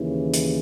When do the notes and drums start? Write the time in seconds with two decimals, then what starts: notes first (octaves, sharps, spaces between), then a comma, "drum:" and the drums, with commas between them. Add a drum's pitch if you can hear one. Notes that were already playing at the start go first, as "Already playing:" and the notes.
Already playing: D#2 C#3 E3
0.34 drum: hi-hat